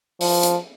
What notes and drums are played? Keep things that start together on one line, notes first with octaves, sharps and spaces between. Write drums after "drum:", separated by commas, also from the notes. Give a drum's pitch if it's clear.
F3, drum: open hi-hat
drum: hi-hat